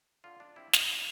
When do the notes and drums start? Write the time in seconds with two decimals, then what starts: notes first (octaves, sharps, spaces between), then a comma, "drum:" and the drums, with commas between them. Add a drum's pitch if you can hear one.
0.24 D3 F4
0.40 D4
0.56 G3 C4 E4
0.73 E4, drum: snare
0.89 D3 E4